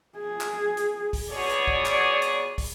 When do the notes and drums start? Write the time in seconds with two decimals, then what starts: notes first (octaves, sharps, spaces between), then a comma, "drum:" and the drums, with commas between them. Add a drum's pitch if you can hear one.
0.18 G#4
0.41 drum: clap
0.77 drum: hi-hat
1.13 drum: kick, open hi-hat
1.31 B2 G#4 C#5 D5
1.49 drum: hi-hat
1.67 drum: kick
1.86 drum: clap
2.22 drum: hi-hat
2.58 drum: kick, open hi-hat